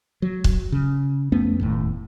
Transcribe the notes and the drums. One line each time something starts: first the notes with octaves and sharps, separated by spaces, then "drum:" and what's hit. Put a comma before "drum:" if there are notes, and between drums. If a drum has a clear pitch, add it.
F#3
drum: kick C#1
C#3
F2 A3 B3 C#4
E1 D#2 A2